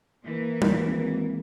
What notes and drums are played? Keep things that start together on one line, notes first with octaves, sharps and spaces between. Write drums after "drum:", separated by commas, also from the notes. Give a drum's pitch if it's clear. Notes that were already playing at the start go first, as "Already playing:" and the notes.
E3 A#3
drum: tom G3
G#1